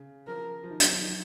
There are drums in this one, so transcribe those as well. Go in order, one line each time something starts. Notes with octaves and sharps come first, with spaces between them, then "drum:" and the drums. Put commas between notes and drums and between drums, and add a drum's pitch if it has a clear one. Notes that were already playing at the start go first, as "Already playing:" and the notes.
Already playing: C#3
F3 A#4
F3
D#3
F#3, drum: hi-hat
F3
D#3